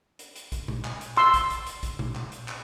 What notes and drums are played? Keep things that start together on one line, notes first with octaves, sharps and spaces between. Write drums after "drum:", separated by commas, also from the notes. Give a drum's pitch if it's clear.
drum: hi-hat
drum: hi-hat
drum: kick A#1, hi-hat
drum: tom A#2
drum: clap
drum: hi-hat
C6 E6, drum: clap
drum: kick A#1, hi-hat
drum: hi-hat
drum: hi-hat
drum: kick A#1, hi-hat
drum: tom A#2
drum: clap
drum: hi-hat
drum: clap